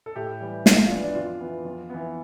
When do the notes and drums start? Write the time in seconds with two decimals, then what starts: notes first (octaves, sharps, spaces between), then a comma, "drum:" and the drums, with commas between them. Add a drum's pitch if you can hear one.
0.06 A4
0.16 A2 G4
0.41 E3 G3
0.66 F2 F4, drum: snare
0.78 F4
0.90 E3 B3 D4
1.04 D4
1.15 F2 F4
1.40 E3 B3
1.65 F2
1.90 E3 B3